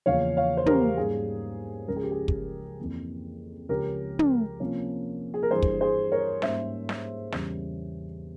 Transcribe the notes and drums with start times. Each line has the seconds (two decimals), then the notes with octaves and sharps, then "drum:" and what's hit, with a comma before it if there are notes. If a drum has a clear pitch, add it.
0.06 E2 C#3 F3 A#3 C#4 C#5 F5
0.37 C#5 F5
0.57 C5
0.66 G4 A#4, drum: tom
0.97 G#2 G3 A#3 C#4 G#4
1.87 C#2 C#3 F3 G#3 A#4
1.96 G#4
2.03 G4
2.11 G#4
2.28 drum: kick
2.79 F2 E3 A#3
3.69 C#2 C#3 F3 G#3 C#4 G4 A#4
4.19 drum: tom
4.60 C3 F3 A#3 C#4
5.34 G#4
5.43 A#4
5.51 G2 E3 G3 G#4 C5
5.62 drum: kick
5.81 G#4 C5
6.12 A#4 C#5
6.42 G#2 G3 A#3 C#4 C5 E5, drum: snare
6.89 drum: snare
7.32 E2 C#3 G3 C#4, drum: snare